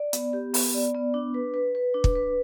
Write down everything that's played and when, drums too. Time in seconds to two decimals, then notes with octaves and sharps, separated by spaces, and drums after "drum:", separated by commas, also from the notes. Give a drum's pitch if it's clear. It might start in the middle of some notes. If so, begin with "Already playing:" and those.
Already playing: D5
0.13 B3, drum: hi-hat
0.33 G4
0.54 B3, drum: open hi-hat
0.74 D5
0.94 B3
1.14 D4
1.34 B4
1.54 B4
1.75 B4
1.94 D4
2.04 drum: kick
2.15 B4